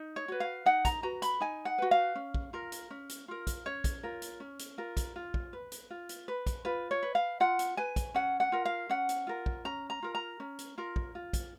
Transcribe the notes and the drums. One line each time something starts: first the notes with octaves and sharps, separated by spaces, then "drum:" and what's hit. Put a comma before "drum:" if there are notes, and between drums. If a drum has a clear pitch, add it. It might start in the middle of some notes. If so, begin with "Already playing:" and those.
Already playing: D#4
C#5
F#4 B4
F5
D#4 F#5
A#5, drum: kick, hi-hat
F#4 B4 A#5
B5, drum: hi-hat
D#4 G#5
F#5
F#4 B4
F5
C#4
drum: kick
F4 A#4
drum: hi-hat
C#4
drum: hi-hat
F4 A#4
drum: kick, hi-hat
C#4 C#5
drum: kick, hi-hat
F4 A#4
drum: hi-hat
C#4
drum: hi-hat
F4 A#4
drum: kick, hi-hat
F4
drum: kick
B4
drum: hi-hat
F4
drum: hi-hat
B4
drum: kick, hi-hat
F4 B4
C#5
B4
F5
F4 F#5
drum: hi-hat
B4 G#5
drum: kick, hi-hat
C#4 F#5
F#5
F4 A#4
F5
C#4 F#5
drum: hi-hat
F4 A#4
drum: kick
C#4 A#5
A#5
F4 A#4
A#5
C#4
drum: hi-hat
F4 A#4
drum: kick
F4
drum: kick, hi-hat